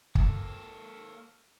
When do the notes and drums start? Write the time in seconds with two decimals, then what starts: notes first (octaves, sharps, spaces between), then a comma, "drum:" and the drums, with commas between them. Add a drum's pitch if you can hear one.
0.15 A#3 A4, drum: kick